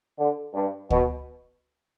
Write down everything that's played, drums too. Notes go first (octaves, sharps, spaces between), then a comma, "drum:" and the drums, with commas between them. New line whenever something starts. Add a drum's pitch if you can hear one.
D3
G2
B2, drum: kick D2